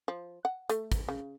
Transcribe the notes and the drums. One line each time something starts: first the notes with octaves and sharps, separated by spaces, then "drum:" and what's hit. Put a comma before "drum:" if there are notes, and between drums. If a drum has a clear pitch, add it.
F3
F#5
A3, drum: hi-hat
drum: kick, hi-hat
C#3